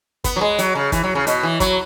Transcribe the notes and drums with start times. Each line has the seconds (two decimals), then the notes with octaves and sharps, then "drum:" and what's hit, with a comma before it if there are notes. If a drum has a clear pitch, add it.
0.24 B3, drum: kick, hi-hat
0.36 F#3
0.41 G#3
0.58 F#3, drum: hi-hat
0.75 C#3
0.92 E3, drum: kick, hi-hat
1.04 F#3
1.15 C#3
1.27 B2, drum: hi-hat
1.43 E3
1.60 F#3, drum: kick, hi-hat